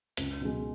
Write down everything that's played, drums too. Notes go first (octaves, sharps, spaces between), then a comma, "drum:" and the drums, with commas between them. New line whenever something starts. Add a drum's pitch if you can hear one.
C#2, drum: hi-hat
B2 G#3